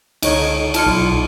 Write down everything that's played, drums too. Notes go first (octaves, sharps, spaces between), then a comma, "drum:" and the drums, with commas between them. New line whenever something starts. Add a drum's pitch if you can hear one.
C#2 D3 D#4 C#5, drum: cymbal
E4 F4 A5 C6 F6 C#7, drum: cymbal
B1